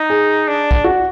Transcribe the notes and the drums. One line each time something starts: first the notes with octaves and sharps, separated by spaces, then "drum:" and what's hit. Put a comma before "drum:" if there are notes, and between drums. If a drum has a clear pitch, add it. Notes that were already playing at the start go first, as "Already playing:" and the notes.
Already playing: D#4
G#4
D4
drum: kick B1
F#4